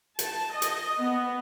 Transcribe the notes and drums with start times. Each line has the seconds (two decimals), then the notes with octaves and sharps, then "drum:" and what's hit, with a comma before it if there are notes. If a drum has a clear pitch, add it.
0.19 A5, drum: hi-hat
0.51 D#5
0.62 drum: hi-hat
1.01 B3